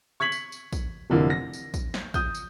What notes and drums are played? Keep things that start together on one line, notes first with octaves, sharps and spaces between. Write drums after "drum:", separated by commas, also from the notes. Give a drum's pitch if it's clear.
C#6 G#6 B6 F#7
drum: tambourine
drum: tambourine
drum: kick, tambourine
F1 A#2 D3 E3 A#3
A#6
drum: tambourine
drum: kick, tambourine
drum: snare
D#6 G6, drum: kick, tambourine
drum: tambourine